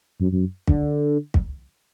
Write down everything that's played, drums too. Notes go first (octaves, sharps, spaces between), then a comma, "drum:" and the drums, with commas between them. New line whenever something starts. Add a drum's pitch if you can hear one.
F#2
F#2
D3, drum: kick
drum: kick